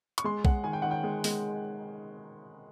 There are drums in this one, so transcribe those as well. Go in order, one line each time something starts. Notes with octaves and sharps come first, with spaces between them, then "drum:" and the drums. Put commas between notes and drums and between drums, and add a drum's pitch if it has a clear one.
C#6, drum: hi-hat
G#3 C6
G#3 F#5, drum: kick
D#3 G#5
G5
D#3 F#5
G5
G#3
G#3, drum: open hi-hat